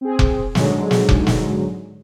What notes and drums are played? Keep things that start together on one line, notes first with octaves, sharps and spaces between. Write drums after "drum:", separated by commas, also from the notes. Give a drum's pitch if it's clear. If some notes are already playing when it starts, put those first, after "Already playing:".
C4 G#4
drum: kick F1
G#2 D3 F#3 G#3, drum: snare
drum: snare
drum: kick F1
drum: snare